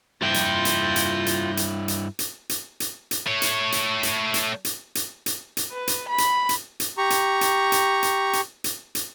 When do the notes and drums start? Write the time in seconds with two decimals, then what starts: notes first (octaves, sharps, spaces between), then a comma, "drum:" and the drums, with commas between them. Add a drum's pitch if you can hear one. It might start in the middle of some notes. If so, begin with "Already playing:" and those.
0.22 G2 E4 F4 G5 G6 A#6
0.34 drum: hi-hat
0.65 drum: hi-hat
0.96 drum: hi-hat
1.27 drum: hi-hat
1.57 drum: hi-hat
1.88 drum: hi-hat
2.19 drum: hi-hat
2.49 drum: hi-hat
2.80 drum: hi-hat
3.11 drum: hi-hat
3.27 A3 C#5
3.42 drum: hi-hat
3.72 drum: hi-hat
4.03 drum: hi-hat
4.34 drum: hi-hat
4.65 drum: hi-hat
4.95 drum: hi-hat
5.26 drum: hi-hat
5.57 drum: hi-hat
5.72 B4
5.87 drum: hi-hat
6.09 B5
6.18 drum: hi-hat
6.49 drum: hi-hat
6.80 drum: hi-hat
6.98 G4 A#5 C#6
7.10 drum: hi-hat
7.41 drum: hi-hat
7.72 drum: hi-hat
8.03 drum: hi-hat
8.33 drum: hi-hat
8.64 drum: hi-hat
8.95 drum: hi-hat